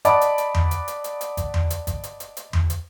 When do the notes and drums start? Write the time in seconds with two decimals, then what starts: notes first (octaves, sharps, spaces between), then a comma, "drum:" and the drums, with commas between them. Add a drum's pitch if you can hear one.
0.05 D5 D#5 F#5 A5 B5 D6, drum: hi-hat
0.21 drum: hi-hat
0.38 drum: hi-hat
0.54 drum: tom E2
0.71 drum: hi-hat
0.88 drum: hi-hat
1.04 drum: hi-hat
1.21 drum: hi-hat
1.37 drum: kick, hi-hat
1.54 drum: tom E2
1.70 drum: hi-hat
1.87 drum: kick, hi-hat
2.03 drum: hi-hat
2.20 drum: hi-hat
2.37 drum: hi-hat
2.53 drum: tom E2
2.70 drum: hi-hat